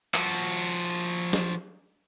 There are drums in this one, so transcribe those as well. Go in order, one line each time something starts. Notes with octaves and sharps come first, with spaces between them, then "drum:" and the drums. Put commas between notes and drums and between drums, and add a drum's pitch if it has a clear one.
F3 F#4, drum: clap
drum: snare